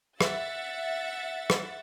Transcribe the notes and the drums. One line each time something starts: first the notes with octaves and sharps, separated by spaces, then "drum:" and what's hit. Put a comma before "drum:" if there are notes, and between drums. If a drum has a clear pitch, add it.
E5 F#5 A6, drum: rim click
drum: rim click